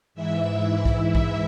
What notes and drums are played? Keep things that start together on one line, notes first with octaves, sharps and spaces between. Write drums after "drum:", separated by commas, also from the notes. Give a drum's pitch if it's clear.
G#2 E3 E4 E5
E4 E5
drum: kick A#1
drum: kick A#1